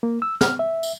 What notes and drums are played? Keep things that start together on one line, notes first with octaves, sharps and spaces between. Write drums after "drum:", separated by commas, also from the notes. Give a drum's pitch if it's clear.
A#3
E6
F6, drum: snare
E5
drum: tambourine